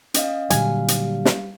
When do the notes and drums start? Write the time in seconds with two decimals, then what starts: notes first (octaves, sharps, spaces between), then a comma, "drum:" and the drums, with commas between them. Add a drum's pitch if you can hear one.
0.14 C#4 D#5 F5, drum: hi-hat
0.50 A#2 D3 F#3 G3 F5 G#5, drum: hi-hat
0.88 drum: hi-hat
1.25 drum: snare